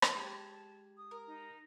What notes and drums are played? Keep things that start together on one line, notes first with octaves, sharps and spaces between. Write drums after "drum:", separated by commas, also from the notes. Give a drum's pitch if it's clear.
drum: rim click
G#3 G4 A5 G#6
D#6
A#4
D#4